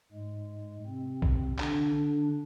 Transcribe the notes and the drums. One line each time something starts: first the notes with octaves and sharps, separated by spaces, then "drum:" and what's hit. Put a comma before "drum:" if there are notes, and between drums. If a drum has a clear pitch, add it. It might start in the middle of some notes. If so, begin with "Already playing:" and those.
G#2 G#3
C3 C4
drum: kick A#1
D3 D4, drum: clap
D3 D4